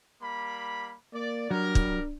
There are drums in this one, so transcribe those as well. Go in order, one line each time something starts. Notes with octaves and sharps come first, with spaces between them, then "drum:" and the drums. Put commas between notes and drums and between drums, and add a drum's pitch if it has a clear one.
G3 A#3 B5
A#3 D5
F#3 G3 D4 A#4
drum: kick